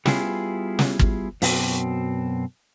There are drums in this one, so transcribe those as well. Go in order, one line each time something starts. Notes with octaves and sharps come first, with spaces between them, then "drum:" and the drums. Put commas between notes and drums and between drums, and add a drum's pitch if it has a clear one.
G3 B3 E4 F4 G#4, drum: snare
drum: snare
drum: kick
F#2 B2 C4, drum: open hi-hat